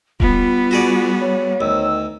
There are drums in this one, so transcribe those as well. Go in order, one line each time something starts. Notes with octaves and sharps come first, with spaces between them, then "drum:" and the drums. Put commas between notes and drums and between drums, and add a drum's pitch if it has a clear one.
G3 B3 F4, drum: kick D#1
F#4 G#4 D5
C#5
D2 D#3 E6